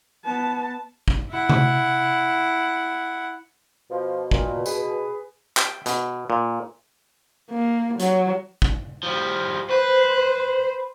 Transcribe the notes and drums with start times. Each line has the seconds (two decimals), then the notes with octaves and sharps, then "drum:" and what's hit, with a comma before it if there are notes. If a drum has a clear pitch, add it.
0.24 B3 A5
1.08 drum: kick
1.30 E4 F#5
1.49 drum: tom C3
3.91 B2 F3
4.31 A#2, drum: kick
4.66 G#4 B4, drum: tambourine
5.57 G5, drum: clap
5.86 B2, drum: hi-hat
6.30 A#2
7.51 A#3
8.00 F#3, drum: hi-hat
8.62 drum: kick
9.03 F3 G3
9.70 B4 C5